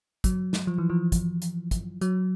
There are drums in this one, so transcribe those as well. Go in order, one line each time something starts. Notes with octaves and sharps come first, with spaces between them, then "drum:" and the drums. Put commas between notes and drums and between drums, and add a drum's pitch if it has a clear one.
F#3, drum: kick, hi-hat
drum: snare
F3
E3
F3
drum: kick, hi-hat
drum: hi-hat
drum: kick, hi-hat
F#3, drum: hi-hat